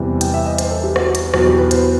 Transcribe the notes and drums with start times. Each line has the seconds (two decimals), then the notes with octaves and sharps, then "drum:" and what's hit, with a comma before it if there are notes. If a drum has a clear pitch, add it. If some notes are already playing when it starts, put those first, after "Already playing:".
Already playing: E2 C3 E3 G3
0.21 G5, drum: hi-hat
0.34 E5
0.46 D#5
0.58 C5, drum: hi-hat
0.71 A4
0.84 G4
0.96 F#4, drum: rim click
1.15 drum: hi-hat
1.34 E2 B2 F#3, drum: rim click
1.46 G4
1.58 B4
1.71 C5, drum: hi-hat